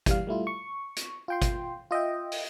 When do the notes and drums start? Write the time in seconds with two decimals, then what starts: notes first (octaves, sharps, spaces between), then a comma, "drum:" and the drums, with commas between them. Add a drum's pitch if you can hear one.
0.06 E3 G3 F5, drum: kick, hi-hat
0.27 G3 A3 E4 F4
0.47 C#6
0.96 drum: hi-hat
1.28 F4 G5 C6
1.42 drum: kick, hi-hat
1.91 F4 D#5 E5 G5
2.32 drum: open hi-hat